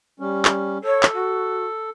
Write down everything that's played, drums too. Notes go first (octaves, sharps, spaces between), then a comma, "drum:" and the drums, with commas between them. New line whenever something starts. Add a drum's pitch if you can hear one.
G3 C#4
drum: clap
A4 C#5
drum: clap
F#4